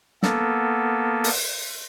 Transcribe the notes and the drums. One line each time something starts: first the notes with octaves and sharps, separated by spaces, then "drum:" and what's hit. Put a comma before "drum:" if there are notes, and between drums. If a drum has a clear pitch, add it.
A#3 B3 A4, drum: snare
drum: open hi-hat